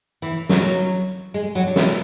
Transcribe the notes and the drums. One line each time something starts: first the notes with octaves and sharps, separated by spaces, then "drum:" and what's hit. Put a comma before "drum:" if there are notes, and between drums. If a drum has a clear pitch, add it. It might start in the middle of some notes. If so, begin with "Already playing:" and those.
E3
F#3, drum: snare
G#3
F#3
D4
E4, drum: snare